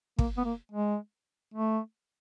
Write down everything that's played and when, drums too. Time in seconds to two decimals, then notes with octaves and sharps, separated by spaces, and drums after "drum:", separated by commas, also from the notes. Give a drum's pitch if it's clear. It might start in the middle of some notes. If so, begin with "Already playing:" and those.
0.19 A#3, drum: kick
0.37 B3
0.45 A#3
0.72 G#3
1.54 A3